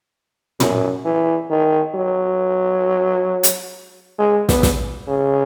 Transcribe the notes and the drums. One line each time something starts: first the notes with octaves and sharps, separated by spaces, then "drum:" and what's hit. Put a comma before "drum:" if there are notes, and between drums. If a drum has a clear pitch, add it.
F#2, drum: tom
E3
D#3
F#3
drum: hi-hat
G#3
B3, drum: snare
drum: snare
C#3